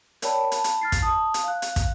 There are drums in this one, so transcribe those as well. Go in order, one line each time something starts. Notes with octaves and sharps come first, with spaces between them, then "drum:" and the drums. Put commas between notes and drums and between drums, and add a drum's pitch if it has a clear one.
A#4 C#5 D5 G5 A5 B5, drum: hi-hat
A5 B5, drum: hi-hat
drum: hi-hat
F6 A6 C7
drum: kick, hi-hat
A5 D#6
drum: hi-hat
F5 F#6
drum: hi-hat
drum: kick, hi-hat